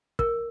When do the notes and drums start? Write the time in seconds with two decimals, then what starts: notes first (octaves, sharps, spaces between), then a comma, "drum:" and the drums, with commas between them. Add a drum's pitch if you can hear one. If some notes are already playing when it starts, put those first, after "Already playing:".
0.19 A#4, drum: kick